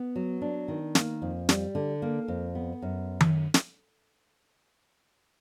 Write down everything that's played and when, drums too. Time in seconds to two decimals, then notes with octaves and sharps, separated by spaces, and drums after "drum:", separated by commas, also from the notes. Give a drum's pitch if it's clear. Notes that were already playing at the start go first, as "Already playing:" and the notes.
Already playing: B3
0.16 F#3
0.42 D4
0.68 D#3
0.95 A#3, drum: snare
1.22 F2
1.49 G3, drum: snare
1.75 D3
2.02 A#3
2.28 F2
2.55 B3
2.82 F#2
3.20 drum: tom D#3
3.54 drum: snare